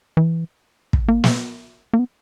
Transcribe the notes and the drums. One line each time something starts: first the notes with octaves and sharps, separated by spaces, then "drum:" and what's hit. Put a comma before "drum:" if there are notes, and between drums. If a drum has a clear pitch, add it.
E3
drum: kick
A#3
drum: snare
A#3
B3